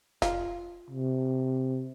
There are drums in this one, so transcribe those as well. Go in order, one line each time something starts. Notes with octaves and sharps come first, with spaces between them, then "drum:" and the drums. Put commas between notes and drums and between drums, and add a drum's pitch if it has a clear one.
F4, drum: snare F1
C3